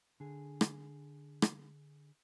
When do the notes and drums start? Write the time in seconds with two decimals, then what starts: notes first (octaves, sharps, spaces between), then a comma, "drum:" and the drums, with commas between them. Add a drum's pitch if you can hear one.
0.20 D3 G#4
0.61 drum: rim click
1.42 drum: rim click